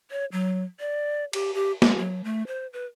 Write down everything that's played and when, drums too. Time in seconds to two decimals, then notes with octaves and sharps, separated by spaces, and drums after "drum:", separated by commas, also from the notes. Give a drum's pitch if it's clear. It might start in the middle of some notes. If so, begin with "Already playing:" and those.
0.11 C#5
0.32 F#3
0.80 D5
1.33 G4, drum: cymbal
1.54 G4
1.82 G#3, drum: snare
1.98 F#3
2.24 A3
2.47 C5
2.73 B4